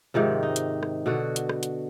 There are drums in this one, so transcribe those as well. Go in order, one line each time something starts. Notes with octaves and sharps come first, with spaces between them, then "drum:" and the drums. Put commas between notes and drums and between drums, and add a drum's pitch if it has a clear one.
G#2 C3 D#3 F3
D#4
drum: hi-hat
drum: rim click
B2 D3 F#4
drum: hi-hat
drum: rim click
drum: hi-hat